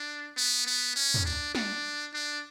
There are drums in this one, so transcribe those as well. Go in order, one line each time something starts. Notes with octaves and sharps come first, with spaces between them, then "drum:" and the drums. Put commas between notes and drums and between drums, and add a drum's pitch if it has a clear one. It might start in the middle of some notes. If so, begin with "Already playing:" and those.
Already playing: D4
B3
B3
C#4
drum: tom
D4
D4, drum: snare
D4